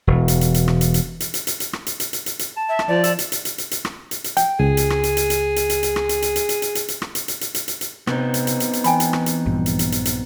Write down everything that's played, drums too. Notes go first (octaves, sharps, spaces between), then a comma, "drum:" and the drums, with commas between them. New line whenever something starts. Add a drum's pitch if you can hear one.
E1
drum: hi-hat
drum: hi-hat
drum: hi-hat
drum: rim click
drum: hi-hat
drum: hi-hat
drum: hi-hat
drum: hi-hat
drum: hi-hat
drum: hi-hat
drum: rim click
drum: hi-hat
drum: hi-hat
drum: hi-hat
drum: hi-hat
drum: hi-hat
A5
E5
drum: rim click
F3 D5
E6, drum: hi-hat
drum: hi-hat
drum: hi-hat
drum: hi-hat
drum: hi-hat
drum: hi-hat
drum: rim click
drum: hi-hat
drum: hi-hat
G5, drum: hi-hat
C#2 G#4
drum: hi-hat
drum: rim click
drum: hi-hat
drum: hi-hat
drum: hi-hat
drum: hi-hat
drum: hi-hat
drum: hi-hat
drum: rim click
drum: hi-hat
drum: hi-hat
drum: hi-hat
drum: hi-hat
drum: hi-hat
drum: hi-hat
drum: hi-hat
drum: rim click
drum: hi-hat
drum: hi-hat
drum: hi-hat
drum: hi-hat
drum: hi-hat
drum: hi-hat
C3 B3 C4 D#4, drum: rim click
drum: hi-hat
drum: hi-hat
drum: hi-hat
drum: hi-hat
E3 G5 G#5 B5, drum: hi-hat
drum: hi-hat
drum: rim click
drum: hi-hat
A#1 G2
drum: hi-hat
drum: hi-hat
drum: hi-hat
drum: hi-hat